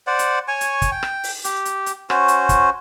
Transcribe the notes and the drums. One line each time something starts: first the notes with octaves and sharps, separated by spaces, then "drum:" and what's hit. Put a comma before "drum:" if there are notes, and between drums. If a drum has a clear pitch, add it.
C5 D5 F#5
drum: hi-hat
C#5 G#5 C#6
drum: hi-hat
drum: kick, hi-hat
G5
drum: rim click
drum: open hi-hat
G4, drum: hi-hat
drum: hi-hat
drum: hi-hat
C#4 F#4 C5, drum: rim click
drum: hi-hat
drum: kick, hi-hat